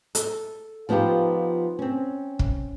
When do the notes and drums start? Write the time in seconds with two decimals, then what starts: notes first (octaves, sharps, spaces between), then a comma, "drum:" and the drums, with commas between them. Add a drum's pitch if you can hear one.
0.15 A4, drum: hi-hat
0.89 F3 B3 D#4 F4 G4
1.79 C4 C#4
2.39 drum: kick